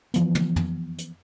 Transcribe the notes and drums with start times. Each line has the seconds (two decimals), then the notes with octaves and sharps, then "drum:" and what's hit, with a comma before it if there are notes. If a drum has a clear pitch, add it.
0.14 E3 F3 B3, drum: hi-hat
0.35 drum: tom
0.56 drum: tom
0.98 drum: hi-hat